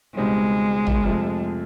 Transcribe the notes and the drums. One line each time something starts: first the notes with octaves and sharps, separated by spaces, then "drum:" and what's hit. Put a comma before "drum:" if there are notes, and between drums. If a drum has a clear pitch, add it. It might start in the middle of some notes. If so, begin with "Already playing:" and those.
C#2 B2 G3 G#3 C4 D#4
drum: tom
F2 C3 F3 A3